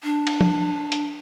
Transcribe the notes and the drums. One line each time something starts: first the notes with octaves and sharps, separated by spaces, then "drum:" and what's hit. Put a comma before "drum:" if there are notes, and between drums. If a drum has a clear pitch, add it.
D4
drum: cymbal
drum: tom
drum: hi-hat